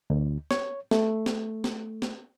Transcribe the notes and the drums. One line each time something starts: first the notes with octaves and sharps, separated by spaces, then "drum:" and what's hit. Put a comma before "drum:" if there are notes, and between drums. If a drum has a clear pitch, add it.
D2
C#5, drum: snare
A3, drum: snare
drum: snare
drum: snare
drum: snare